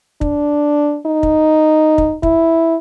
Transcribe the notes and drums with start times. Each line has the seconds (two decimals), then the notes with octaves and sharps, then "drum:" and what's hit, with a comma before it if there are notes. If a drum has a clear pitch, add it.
0.21 D4, drum: kick
1.06 D#4
1.23 drum: kick
1.98 drum: kick
2.23 E4, drum: kick